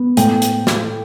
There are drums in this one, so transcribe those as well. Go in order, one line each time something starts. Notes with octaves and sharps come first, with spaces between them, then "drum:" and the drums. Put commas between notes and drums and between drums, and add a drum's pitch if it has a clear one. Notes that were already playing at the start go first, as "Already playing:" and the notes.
Already playing: B3
A2 G5, drum: hi-hat
drum: hi-hat
drum: snare